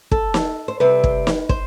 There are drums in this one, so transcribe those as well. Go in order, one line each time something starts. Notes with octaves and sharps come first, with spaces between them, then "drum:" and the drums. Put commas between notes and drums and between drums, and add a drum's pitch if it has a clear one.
A4, drum: kick
drum: snare
C5
C3 G3 C4 B4
drum: kick
drum: snare
C5, drum: kick